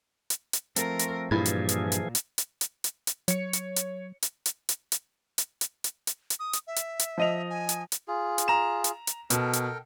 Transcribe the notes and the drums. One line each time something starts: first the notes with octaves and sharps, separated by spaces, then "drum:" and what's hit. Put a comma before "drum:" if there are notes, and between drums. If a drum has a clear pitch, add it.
drum: hi-hat
drum: hi-hat
F3 A3 C4 A#4, drum: hi-hat
drum: hi-hat
G2 A#2 E3 F3 E4 G#4 G#6
drum: hi-hat
drum: hi-hat
drum: hi-hat
drum: hi-hat
drum: hi-hat
drum: hi-hat
drum: hi-hat
drum: hi-hat
F#3 C#5 C#7, drum: hi-hat
drum: hi-hat
drum: hi-hat
drum: hi-hat
drum: hi-hat
drum: hi-hat
drum: hi-hat
drum: hi-hat
drum: hi-hat
drum: hi-hat
drum: hi-hat
drum: hi-hat
D#6
drum: hi-hat
E5
drum: hi-hat
drum: hi-hat
F3 D#5 F7
G#5
drum: hi-hat
drum: hi-hat
F4 G#4
drum: hi-hat
A#5 E7
drum: hi-hat
drum: hi-hat
B2 A4 A#4 G5, drum: hi-hat
drum: hi-hat